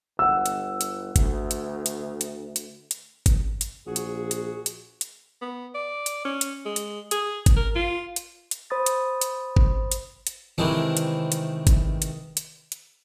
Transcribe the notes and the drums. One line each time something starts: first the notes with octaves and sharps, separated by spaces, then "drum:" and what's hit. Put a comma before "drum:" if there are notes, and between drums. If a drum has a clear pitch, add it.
G1 F#5 E6
drum: hi-hat
drum: hi-hat
D2, drum: kick G1, hi-hat
drum: hi-hat
drum: hi-hat
drum: hi-hat
drum: hi-hat
drum: hi-hat
drum: kick G1, hi-hat
drum: hi-hat
A#1 F#4 G#4
drum: hi-hat
drum: hi-hat
drum: hi-hat
drum: hi-hat
B3
D5
drum: hi-hat
C#4
drum: hi-hat
G#3
drum: hi-hat
G#4, drum: hi-hat
drum: kick G1, hi-hat
A#4
F4
drum: hi-hat
drum: hi-hat
C5 B5 D#6 A6
drum: hi-hat
drum: hi-hat
drum: kick G1
drum: hi-hat
drum: hi-hat
C3 D#3 E3 G#3 A3
drum: hi-hat
drum: hi-hat
drum: kick G1, hi-hat
drum: hi-hat
drum: hi-hat
drum: hi-hat